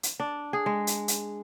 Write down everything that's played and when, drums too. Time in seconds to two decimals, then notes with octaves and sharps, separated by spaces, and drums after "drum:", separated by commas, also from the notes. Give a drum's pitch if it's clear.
0.03 drum: hi-hat
0.20 D4
0.53 G#4
0.66 G#3
0.87 drum: hi-hat
1.08 drum: hi-hat